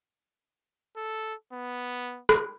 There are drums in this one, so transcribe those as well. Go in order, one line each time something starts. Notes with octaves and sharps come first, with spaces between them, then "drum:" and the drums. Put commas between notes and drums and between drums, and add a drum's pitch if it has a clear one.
A4
B3
drum: rim click